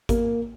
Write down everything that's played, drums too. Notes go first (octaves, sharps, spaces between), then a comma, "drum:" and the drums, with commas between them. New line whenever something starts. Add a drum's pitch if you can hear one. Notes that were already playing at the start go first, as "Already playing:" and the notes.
A#3, drum: kick G#1, hi-hat